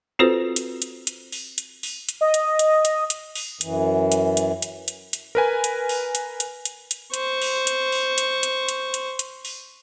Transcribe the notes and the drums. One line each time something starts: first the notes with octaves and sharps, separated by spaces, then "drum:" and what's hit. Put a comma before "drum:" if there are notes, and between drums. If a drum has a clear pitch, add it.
C4 F4 F#4 A4 B4 C5
drum: hi-hat
drum: hi-hat
drum: hi-hat
drum: open hi-hat
drum: hi-hat
drum: open hi-hat
drum: hi-hat
D#5
drum: hi-hat
drum: hi-hat
drum: hi-hat
drum: hi-hat
drum: open hi-hat
F#2 E3, drum: hi-hat
drum: hi-hat
drum: hi-hat
drum: hi-hat
drum: hi-hat
drum: hi-hat
A#4 B4 G#5
drum: hi-hat
drum: open hi-hat
drum: hi-hat
drum: hi-hat
drum: hi-hat
drum: hi-hat
C5 C#6, drum: hi-hat
drum: open hi-hat
drum: hi-hat
drum: open hi-hat
drum: hi-hat
drum: hi-hat
drum: hi-hat
drum: hi-hat
drum: hi-hat
drum: open hi-hat